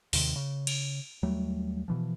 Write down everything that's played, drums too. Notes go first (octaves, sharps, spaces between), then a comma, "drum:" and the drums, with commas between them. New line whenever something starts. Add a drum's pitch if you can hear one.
D#2 C3 D#3, drum: open hi-hat
C#3
drum: cymbal
D#2 F#3 G3 A3
B2 E3 F3